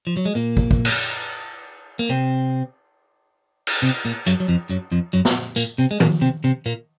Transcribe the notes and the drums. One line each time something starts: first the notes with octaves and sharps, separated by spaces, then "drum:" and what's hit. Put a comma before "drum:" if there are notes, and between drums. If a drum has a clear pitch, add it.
F3
F#3
G#3
A#2 A#3
drum: kick
drum: kick
drum: cymbal
A#3
C3 C4
drum: cymbal
C3 C4
A#2 A#3
F#2 F#3, drum: hi-hat
F#3
F2 F3
F#2 F#3
F2 F3
F#2 F#3
drum: snare
A#2 A#3, drum: tambourine
C3 C4
G#3
A#2 A#3, drum: tom D#3
C3 C4
C3 C4
A#2 A#3